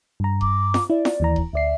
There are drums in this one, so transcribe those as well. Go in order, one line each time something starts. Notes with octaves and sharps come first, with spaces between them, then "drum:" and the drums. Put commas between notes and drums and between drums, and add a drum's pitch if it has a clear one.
G2 A#5
D6, drum: kick D#1
drum: snare
E4 D5
drum: snare
D#2 E3 A#5
drum: kick D#1
D2 D5 E5 C7